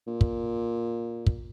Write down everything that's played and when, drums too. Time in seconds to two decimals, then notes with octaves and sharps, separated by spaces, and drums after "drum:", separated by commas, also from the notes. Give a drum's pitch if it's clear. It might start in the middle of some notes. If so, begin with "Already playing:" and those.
0.08 A#2
0.21 drum: kick
1.27 drum: kick